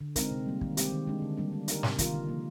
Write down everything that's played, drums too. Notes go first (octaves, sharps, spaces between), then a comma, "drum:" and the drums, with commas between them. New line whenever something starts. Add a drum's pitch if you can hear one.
D3
G#3 C4 D#4 A#4, drum: kick, hi-hat
C3
G3 A#3
D#3, drum: kick
G#3 C4 G4, drum: hi-hat
D#3
G#3 D4
D3
G3 A#3 D4
G#3
D#4 G4 A#4, drum: hi-hat
C3, drum: snare
D#3 A#3 F4 A#4, drum: kick, hi-hat
D3
F3 A#3